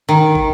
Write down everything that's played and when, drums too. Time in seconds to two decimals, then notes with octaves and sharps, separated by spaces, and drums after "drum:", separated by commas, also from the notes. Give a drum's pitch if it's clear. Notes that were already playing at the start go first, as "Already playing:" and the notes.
0.09 D#3
0.35 drum: kick